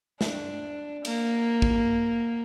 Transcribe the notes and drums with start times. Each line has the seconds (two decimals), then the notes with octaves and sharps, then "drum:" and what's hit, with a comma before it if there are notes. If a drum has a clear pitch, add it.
0.21 D4, drum: snare
1.05 A#3, drum: cymbal
1.62 drum: kick A1